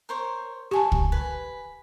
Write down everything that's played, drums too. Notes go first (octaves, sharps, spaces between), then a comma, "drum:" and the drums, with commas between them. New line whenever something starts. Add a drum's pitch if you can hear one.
A#4 C5 C#5
G4 C#5 G#5 A5
drum: kick
B4 G#5